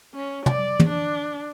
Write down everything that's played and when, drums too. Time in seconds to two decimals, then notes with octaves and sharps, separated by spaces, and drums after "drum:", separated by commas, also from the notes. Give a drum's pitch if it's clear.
0.14 C#4
0.46 D5, drum: tom
0.80 drum: tom
0.89 D4